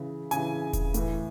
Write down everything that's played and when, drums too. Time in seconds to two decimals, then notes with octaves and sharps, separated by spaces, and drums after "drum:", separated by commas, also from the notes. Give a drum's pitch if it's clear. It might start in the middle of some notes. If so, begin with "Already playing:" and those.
Already playing: C#3 E3
0.31 C#3 E3 G#5, drum: hi-hat
0.73 drum: kick E1, hi-hat
0.94 A2 E3, drum: hi-hat